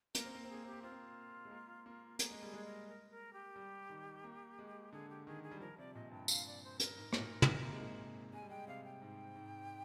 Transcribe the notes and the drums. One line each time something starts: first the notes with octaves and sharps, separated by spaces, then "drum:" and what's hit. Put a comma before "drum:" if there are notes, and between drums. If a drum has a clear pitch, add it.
A#3 A#4, drum: hi-hat
C4
A#3 A#4
C4
G#4
A#3
C4 G4
A#3
C4 F4
A#3
G#3
A#3
A#3
A#3 G#4, drum: hi-hat
G#3
G3 G#4
G#3
A#4
A#4
A#4
G4
G3
D#3
A#3
G#3
D3 G#4
G4
D#3 G#4
G#4
G3
F3 A#4
C3 D5
A#2 D#5
G2 G5
F5, drum: tambourine
D5
C5
A#4, drum: hi-hat
G#2
G#2, drum: rim click
A#2
C3, drum: tom
A#3
G#3
A#3
G#3 G#5
G3
G#3 G5
C3 F5
G5
G#2
G#2